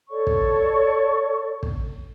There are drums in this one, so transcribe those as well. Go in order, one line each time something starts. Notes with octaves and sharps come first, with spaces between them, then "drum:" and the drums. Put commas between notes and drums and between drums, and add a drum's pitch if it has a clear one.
A4 C#5 D5 C#6
drum: kick
drum: kick